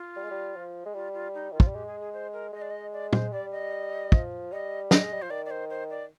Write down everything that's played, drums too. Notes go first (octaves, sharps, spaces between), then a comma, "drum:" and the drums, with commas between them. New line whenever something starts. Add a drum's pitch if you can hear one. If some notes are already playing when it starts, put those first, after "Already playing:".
Already playing: F4
G3
G#3
G3
F3
G#3
G3 F4
F4
D#4
D#3 F4
F3, drum: kick
G3
G#3 G4
G#4
G#4
C5
A#4
G#3 D#5
D5
D#5
D5
C5, drum: tom
G3 D5
D#5
F3, drum: kick
G3 D#5
D#5, drum: snare
G#3
G3
F3 C5
D#3 D5
D5
C5
C5
D5